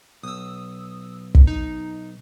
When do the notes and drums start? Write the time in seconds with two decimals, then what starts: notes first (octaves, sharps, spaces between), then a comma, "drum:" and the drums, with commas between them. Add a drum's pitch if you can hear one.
0.23 B1 D#6 E6
1.35 drum: kick
1.47 D#4